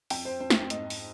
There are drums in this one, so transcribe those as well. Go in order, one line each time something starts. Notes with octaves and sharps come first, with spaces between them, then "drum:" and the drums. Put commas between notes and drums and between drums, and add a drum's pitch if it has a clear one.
F2 G5, drum: open hi-hat
C5
F2 C5
drum: snare
G#2 D#5, drum: hi-hat
drum: open hi-hat